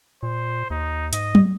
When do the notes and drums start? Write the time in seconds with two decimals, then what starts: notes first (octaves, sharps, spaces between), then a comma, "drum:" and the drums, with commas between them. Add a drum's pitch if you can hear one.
0.23 A#2 C5
0.70 D#2 D#4
1.13 G#2 D#5, drum: hi-hat
1.35 drum: tom F#3